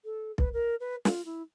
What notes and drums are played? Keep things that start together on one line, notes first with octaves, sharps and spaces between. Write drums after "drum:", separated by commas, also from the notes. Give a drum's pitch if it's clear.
A4
B4, drum: kick B1
A#4
B4
F4, drum: snare
E4